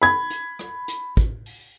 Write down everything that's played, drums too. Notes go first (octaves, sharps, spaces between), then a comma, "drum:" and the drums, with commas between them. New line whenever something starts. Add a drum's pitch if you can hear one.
B5 G#6
drum: hi-hat
drum: rim click
drum: hi-hat
drum: kick
drum: open hi-hat